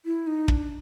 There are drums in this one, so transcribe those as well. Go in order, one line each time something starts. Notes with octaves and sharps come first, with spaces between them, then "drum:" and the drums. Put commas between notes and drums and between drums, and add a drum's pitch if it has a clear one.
E4
D#4
D4, drum: kick